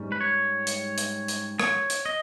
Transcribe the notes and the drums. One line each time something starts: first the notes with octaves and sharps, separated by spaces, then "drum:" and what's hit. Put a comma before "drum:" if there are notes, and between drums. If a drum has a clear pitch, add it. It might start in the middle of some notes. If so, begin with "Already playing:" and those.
Already playing: G#2 G3 C#4
B4
C#5
drum: hi-hat
drum: hi-hat
drum: hi-hat
C#5, drum: rim click
drum: hi-hat
D#5